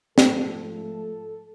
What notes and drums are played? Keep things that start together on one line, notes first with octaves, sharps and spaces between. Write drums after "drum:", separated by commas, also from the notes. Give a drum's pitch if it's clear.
G#2 F3 A3 A4, drum: snare